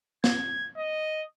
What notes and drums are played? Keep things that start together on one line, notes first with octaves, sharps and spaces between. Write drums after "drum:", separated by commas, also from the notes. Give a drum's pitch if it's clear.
G#6, drum: snare
D#5